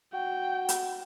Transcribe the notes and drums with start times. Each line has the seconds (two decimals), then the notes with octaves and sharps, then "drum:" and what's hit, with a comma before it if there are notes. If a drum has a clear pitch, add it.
0.13 F#4 G5
0.69 drum: hi-hat